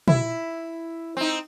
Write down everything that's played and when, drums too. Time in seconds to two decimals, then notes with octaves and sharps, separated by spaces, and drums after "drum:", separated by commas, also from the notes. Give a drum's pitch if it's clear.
0.08 E4, drum: tom
1.17 C4 D#4